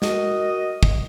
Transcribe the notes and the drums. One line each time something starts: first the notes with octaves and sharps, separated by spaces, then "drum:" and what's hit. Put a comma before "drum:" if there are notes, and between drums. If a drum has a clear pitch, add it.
F#4 A#4 D#5, drum: snare
drum: kick